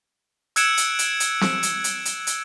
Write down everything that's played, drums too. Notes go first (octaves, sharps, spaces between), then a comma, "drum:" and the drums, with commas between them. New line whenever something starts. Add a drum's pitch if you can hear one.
E6 F#6 G#6 C#7 D7 E7, drum: hi-hat
drum: hi-hat
drum: hi-hat
drum: hi-hat
drum: snare C4
drum: hi-hat
drum: hi-hat
drum: hi-hat
drum: hi-hat